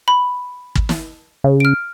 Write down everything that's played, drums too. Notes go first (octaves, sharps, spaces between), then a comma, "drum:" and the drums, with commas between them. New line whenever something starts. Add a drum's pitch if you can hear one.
B5
drum: kick
drum: snare
C#3
F6 D7